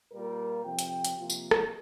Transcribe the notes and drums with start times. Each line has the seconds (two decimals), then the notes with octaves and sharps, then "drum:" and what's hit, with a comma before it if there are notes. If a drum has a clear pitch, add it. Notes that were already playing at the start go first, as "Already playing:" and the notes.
0.12 A#2 G3 A#3 F4 A#4
0.65 F2 C3 F3 G5
0.79 drum: hi-hat
1.05 drum: hi-hat
1.17 C3 F3 A#3 F4
1.30 drum: tambourine
1.51 drum: rim click